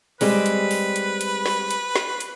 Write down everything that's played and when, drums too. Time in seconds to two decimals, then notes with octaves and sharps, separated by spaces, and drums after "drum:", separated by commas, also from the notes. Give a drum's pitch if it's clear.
0.21 G3 G#3 C4 B4, drum: open hi-hat
0.46 drum: hi-hat
0.71 drum: open hi-hat
0.96 drum: hi-hat
1.21 drum: hi-hat
1.46 drum: snare
1.71 drum: hi-hat
1.96 drum: snare
2.21 drum: hi-hat